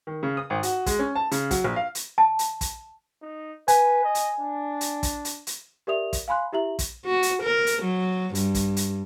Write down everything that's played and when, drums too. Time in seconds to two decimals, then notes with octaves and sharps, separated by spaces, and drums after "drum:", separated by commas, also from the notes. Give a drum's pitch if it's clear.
0.07 D#3
0.23 C#3
0.37 D#6
0.50 G#1
0.63 F#4, drum: hi-hat
0.86 G#3, drum: kick, hi-hat
0.99 C#4
1.15 A5
1.32 C#3, drum: hi-hat
1.51 F#3, drum: kick, hi-hat
1.64 A#1
1.76 F5
1.95 drum: hi-hat
2.18 A5
2.39 drum: hi-hat
2.61 drum: kick, hi-hat
3.22 D#4
3.68 B4 G#5, drum: hi-hat
4.05 D#5
4.15 drum: hi-hat
4.41 D4
4.81 drum: hi-hat
5.03 drum: kick, hi-hat
5.25 drum: hi-hat
5.47 drum: hi-hat
5.87 G4 A#4 D5 E5 D#6 F7
6.13 drum: kick, hi-hat
6.28 F5 G#5 B5 C6 F#6
6.52 E4 G4 E5 A#5 F#7
6.79 drum: kick, hi-hat
7.05 F#4
7.23 drum: hi-hat
7.43 A#4
7.67 drum: hi-hat
7.83 F#3
8.35 G2, drum: hi-hat
8.55 drum: kick, hi-hat
8.77 drum: hi-hat